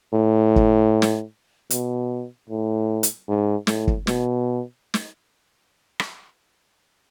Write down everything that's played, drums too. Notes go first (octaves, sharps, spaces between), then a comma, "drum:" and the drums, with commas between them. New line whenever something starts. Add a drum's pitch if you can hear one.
A2
drum: kick
drum: snare
B2, drum: hi-hat
A2
drum: hi-hat
G#2
A2, drum: snare
drum: kick
B2, drum: snare
drum: snare
drum: rim click